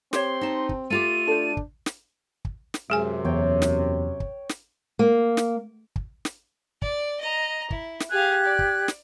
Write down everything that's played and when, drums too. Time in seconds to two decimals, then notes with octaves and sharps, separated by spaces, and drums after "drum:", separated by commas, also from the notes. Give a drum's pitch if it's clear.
0.13 C4 G4 C5 C#5 C6, drum: snare
0.41 D#4 A5
0.69 drum: kick
0.90 A3 F4 G4 D#7
1.28 D4 A4 C5
1.57 drum: kick
1.86 drum: snare
2.45 drum: kick
2.74 drum: snare
2.90 F#2 C3 G#3 G#4 G#5
3.25 E2 C#5 G5
3.62 drum: snare
4.20 drum: kick
4.49 drum: snare
4.99 A#3
5.37 drum: snare
5.96 drum: kick
6.25 drum: snare
6.82 D5, drum: kick
7.20 D#5 A#5
7.70 E4, drum: kick
8.00 drum: snare
8.11 G4 G#4 F5 F#6 G#6
8.44 D5
8.59 drum: kick
8.88 drum: snare